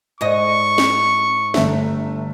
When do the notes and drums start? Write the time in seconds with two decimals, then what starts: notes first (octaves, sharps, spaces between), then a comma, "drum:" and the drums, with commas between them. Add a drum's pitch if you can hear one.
0.21 G#2 D#5 C#6
0.78 drum: snare
1.54 G1 A3 E5, drum: snare